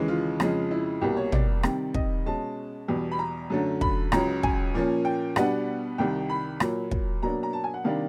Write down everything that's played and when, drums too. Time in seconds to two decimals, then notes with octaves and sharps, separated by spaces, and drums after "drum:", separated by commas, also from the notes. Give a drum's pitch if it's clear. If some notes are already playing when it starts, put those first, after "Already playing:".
Already playing: D#2 C#3 E3 G#3
0.08 F4
0.40 F2 C#3 F3 G#3, drum: rim click
0.71 E4
1.01 C2 B2 G3 A#3 G4
1.17 C#5
1.32 D5, drum: tom
1.63 C3 D#3 G3 C4, drum: rim click
1.94 D#5, drum: kick
2.26 B2 G#3 C#4 A5
2.88 E2 B2 G3
3.12 B5
3.19 A#5
3.50 F#2 D3 F#3 A3
3.81 B5, drum: kick
4.12 C#2 C#3 F#3 A#5, drum: rim click
4.43 G#5, drum: kick
4.74 A#2 F3 A#3 C#4
5.05 G5
5.36 B2 G3 B3 D4 F#5, drum: rim click
5.98 C2 C3 D#3 G3 G5
6.30 B5
6.60 A#2 F#3 A#3, drum: rim click
6.91 drum: kick
7.23 B2 F#3 A#3 D4 A#5
7.43 A#5
7.53 A5
7.64 G#5
7.74 F#5
7.84 C3 D#3 G3 A#3 D4 F5